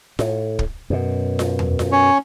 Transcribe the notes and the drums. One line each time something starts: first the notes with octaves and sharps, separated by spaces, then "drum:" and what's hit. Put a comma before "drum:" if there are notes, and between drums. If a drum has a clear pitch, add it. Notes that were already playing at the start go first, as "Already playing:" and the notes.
A2, drum: snare F4
drum: kick
F#2 B2
drum: snare F4
drum: tom E2
drum: snare F4
C#4 C#5